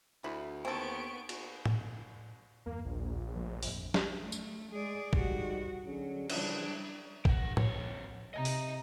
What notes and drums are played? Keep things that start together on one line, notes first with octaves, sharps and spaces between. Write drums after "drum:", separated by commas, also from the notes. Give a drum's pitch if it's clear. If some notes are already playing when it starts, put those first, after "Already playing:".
D2 E4
D#2 B3 C4 A4 C#6 D7
drum: cymbal
drum: tom
E2 G2 A#3
A#1 D#2
F3 G3 A3
G#1 F2, drum: open hi-hat
drum: snare
A3
drum: tambourine
G#3 G#4 D5
G#2 G3 F#4, drum: kick
D3 F#3 C#4 G#4
C#3 E3 F3 G3 D4, drum: cymbal
G4 F#5, drum: kick
F2 C#5, drum: tom
C3 D#5 G#5 A#5
drum: open hi-hat